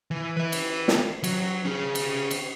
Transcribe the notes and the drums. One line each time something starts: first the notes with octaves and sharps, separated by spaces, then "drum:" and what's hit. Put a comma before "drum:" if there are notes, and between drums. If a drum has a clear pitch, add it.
E3
B4 E5
drum: cymbal
drum: snare
F#3, drum: cymbal
C#4 G#4
drum: cymbal
drum: cymbal